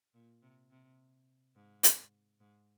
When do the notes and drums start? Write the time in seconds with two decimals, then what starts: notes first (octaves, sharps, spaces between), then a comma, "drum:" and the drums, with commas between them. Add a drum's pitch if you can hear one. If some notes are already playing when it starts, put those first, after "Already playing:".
0.14 A#2
0.43 C3
0.71 C3
1.55 G#2
1.83 drum: hi-hat
2.40 G#2